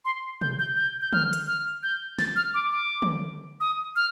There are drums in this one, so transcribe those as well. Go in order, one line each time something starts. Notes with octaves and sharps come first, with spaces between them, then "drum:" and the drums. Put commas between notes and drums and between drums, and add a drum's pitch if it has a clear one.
C6
G6, drum: tom B2
G6
G6
G6
F6, drum: tom
drum: hi-hat
F6
G6
A6, drum: snare
F6
D6
D6
drum: tom
D#6
F6